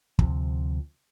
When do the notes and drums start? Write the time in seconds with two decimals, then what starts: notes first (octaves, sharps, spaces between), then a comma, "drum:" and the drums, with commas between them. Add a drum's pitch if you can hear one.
0.19 D2 C3 F3, drum: kick